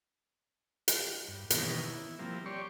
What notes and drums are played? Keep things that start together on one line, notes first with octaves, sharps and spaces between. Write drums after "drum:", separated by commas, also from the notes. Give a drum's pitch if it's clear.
drum: hi-hat
G2
B2 D#3 E3 A#3 B3 C#4, drum: hi-hat
E4
F3 G3 A#3 C4
G4 C#5 D5 C6 C#6